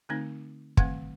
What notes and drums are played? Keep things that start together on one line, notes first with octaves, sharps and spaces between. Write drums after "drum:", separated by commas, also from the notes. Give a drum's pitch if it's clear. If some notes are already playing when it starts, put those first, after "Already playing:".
D3 A3 C4 D#4
D#3 A3 C4 F#5, drum: kick